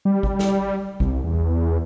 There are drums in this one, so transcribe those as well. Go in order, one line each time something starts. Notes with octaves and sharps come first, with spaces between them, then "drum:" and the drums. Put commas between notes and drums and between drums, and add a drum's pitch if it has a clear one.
G3
drum: kick
drum: snare
C2, drum: kick
E2